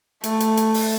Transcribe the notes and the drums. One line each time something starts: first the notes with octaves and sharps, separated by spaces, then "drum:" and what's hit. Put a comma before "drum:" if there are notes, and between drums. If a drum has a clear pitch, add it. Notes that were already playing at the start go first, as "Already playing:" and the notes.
A3, drum: hi-hat
drum: hi-hat
drum: hi-hat
drum: open hi-hat